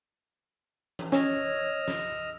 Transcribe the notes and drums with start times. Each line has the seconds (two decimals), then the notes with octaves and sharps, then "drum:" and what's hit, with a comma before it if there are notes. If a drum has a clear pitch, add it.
0.99 drum: tom E3
1.12 C#4 C#5 D#5 E6 F6, drum: snare
1.88 drum: snare